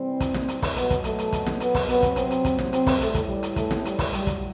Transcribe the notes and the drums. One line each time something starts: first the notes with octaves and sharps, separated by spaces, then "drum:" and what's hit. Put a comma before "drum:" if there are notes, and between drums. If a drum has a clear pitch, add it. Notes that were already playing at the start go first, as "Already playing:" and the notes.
Already playing: C3 E3 G3 C4
drum: kick, hi-hat
drum: snare
drum: hi-hat
drum: kick, open hi-hat
B2 F#3 B3, drum: hi-hat
drum: kick, hi-hat
A3, drum: hi-hat
drum: hi-hat
drum: kick, hi-hat
drum: snare
B3, drum: hi-hat
drum: kick, open hi-hat
C3 F#3 B3, drum: hi-hat
drum: kick, hi-hat
C4, drum: hi-hat
drum: hi-hat
drum: kick, hi-hat
drum: snare
C4, drum: hi-hat
drum: kick, open hi-hat
A2 E3 G3 A3, drum: hi-hat
drum: kick, hi-hat
G3
drum: hi-hat
A3, drum: kick, hi-hat
drum: snare
G3, drum: hi-hat
drum: kick, open hi-hat
A2 F#3 G3, drum: hi-hat
drum: kick, hi-hat